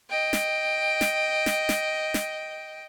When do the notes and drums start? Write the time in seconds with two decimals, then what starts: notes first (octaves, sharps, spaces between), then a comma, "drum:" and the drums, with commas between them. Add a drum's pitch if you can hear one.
0.10 D#5 G5
0.33 drum: snare
1.01 drum: snare
1.46 drum: snare
1.69 drum: snare
2.14 drum: snare